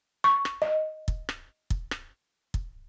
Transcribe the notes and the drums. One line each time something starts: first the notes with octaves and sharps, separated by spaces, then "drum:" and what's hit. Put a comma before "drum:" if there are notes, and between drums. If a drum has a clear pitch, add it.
C#6
drum: rim click
D#5
drum: kick
drum: rim click
drum: kick
drum: rim click
drum: kick